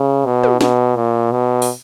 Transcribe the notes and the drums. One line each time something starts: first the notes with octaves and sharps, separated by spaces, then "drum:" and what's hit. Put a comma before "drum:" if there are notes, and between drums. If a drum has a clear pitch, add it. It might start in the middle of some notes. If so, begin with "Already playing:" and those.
Already playing: C#3
B2
drum: tom
B2, drum: snare
A#2
B2
drum: open hi-hat